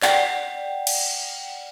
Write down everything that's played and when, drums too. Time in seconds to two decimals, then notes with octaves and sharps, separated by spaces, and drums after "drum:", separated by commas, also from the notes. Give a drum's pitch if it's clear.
0.02 D5 F#5 G5, drum: clap
0.87 drum: cymbal